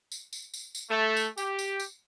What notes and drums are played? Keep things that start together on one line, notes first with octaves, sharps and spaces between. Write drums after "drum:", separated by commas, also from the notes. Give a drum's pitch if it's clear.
drum: tambourine
drum: tambourine
drum: tambourine
drum: tambourine
A3
drum: tambourine
G4, drum: tambourine
drum: tambourine
drum: tambourine